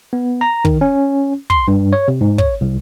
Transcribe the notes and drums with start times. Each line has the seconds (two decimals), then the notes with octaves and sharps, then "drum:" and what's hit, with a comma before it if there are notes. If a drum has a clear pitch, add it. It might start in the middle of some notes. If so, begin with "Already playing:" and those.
0.13 B3
0.41 A#5
0.65 D#3, drum: kick
0.81 C#4
1.50 C6, drum: kick
1.68 G2
1.93 C#5
2.08 C3
2.21 G#2
2.38 C#5, drum: kick
2.61 C2